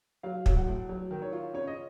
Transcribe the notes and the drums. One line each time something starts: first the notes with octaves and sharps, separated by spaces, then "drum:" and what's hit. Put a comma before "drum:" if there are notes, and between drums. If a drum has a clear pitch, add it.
F#3 F5
F#3, drum: kick
F#5
A2
F#3
D#3
C#5
F4
C#3 C#5
D#5